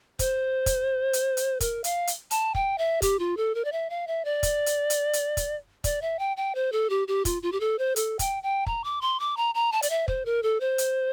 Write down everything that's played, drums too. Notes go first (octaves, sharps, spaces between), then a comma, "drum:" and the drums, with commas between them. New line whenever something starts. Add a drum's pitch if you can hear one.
C5, drum: kick, hi-hat
drum: kick, hi-hat
drum: hi-hat
drum: hi-hat
A#4, drum: kick, hi-hat
F5, drum: hi-hat
drum: hi-hat
A5, drum: hi-hat
G5, drum: kick
E5
G4, drum: kick, hi-hat
F4
A4
A#4
D5
E5
F5
E5
D5
drum: kick, hi-hat
drum: hi-hat
drum: hi-hat
drum: hi-hat
drum: kick, hi-hat
D5, drum: kick, hi-hat
E5
G5
G5
C5
A4
G4
G4
F4, drum: kick, hi-hat
F4
G4
A4
C5
A4, drum: hi-hat
G5, drum: kick, hi-hat
G5
A#5, drum: kick
D6
C6
D6
A#5
A#5
A5
D5, drum: hi-hat
E5
C5, drum: kick
A#4
A4
C5
drum: hi-hat